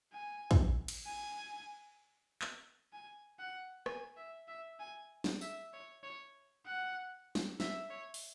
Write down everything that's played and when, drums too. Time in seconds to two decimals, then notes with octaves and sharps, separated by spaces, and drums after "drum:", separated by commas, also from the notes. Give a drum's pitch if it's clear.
0.13 G#5
0.51 drum: kick
0.88 drum: cymbal
1.06 G#5
2.42 drum: clap
2.93 G#5
3.39 F#5
3.86 G#5, drum: rim click
4.17 E5
4.48 E5
4.80 G#5
5.24 drum: snare
5.41 E5, drum: tambourine
5.73 C#5
6.03 C#5
6.66 F#5
7.35 drum: snare
7.60 E5, drum: snare
7.90 C#5
8.14 drum: open hi-hat